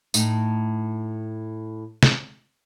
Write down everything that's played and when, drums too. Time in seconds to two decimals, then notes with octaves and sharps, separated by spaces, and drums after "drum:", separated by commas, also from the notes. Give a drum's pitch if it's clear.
0.14 A2 D#4, drum: tambourine
2.03 drum: snare